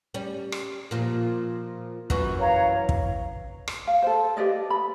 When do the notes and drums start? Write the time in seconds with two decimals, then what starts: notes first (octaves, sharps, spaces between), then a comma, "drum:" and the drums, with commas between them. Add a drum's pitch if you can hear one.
0.14 G3 C#4
0.52 drum: rim click
0.91 A#2 F3
2.10 F#2 E3 C#6, drum: kick
2.39 C#5 F5 A#5
2.89 drum: kick
3.68 drum: rim click
3.87 F5
4.02 A4 C5
4.37 G4 B4 D5 D#5
4.70 B5